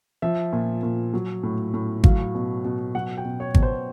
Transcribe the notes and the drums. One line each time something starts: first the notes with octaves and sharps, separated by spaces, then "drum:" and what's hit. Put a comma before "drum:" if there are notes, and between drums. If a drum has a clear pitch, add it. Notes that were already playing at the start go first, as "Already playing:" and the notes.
F3 E5
A#2
A#2
F#3
A2
A2
F#3 F5, drum: kick G#1
B2
B2
F#3 F#5
G5
B2
C#5
B2, drum: kick G#1
C5